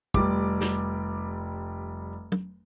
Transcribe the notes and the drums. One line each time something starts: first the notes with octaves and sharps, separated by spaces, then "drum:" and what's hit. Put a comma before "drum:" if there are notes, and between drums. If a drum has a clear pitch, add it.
F1 G3 D6, drum: kick
drum: snare
drum: tom